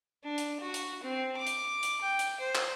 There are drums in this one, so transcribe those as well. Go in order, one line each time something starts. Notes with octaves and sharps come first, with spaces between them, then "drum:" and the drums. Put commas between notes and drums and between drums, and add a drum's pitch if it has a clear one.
D4
drum: hi-hat
F#4
drum: hi-hat
C4
D6
drum: hi-hat
drum: hi-hat
G5
drum: hi-hat
C5
drum: clap